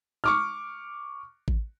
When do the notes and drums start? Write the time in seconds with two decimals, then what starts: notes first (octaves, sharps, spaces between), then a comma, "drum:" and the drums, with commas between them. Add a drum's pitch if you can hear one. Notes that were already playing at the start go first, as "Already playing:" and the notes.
0.24 C#6 D6 F6
1.48 drum: kick A1